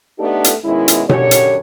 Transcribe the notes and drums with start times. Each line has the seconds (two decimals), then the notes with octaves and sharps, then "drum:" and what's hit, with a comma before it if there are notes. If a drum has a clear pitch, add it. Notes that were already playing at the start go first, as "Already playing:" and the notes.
0.19 A3 B3 D4 D#4 G4 A4
0.44 drum: hi-hat
0.64 B2 D#3 G#3 C#4 E4
0.88 drum: hi-hat
1.09 F#2 D3 G4 C#5, drum: tom B2
1.31 drum: hi-hat